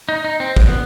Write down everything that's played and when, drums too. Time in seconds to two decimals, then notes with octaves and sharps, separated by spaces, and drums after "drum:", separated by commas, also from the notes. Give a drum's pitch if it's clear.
0.09 D#4
0.24 D#4
0.40 C4
0.57 B3, drum: kick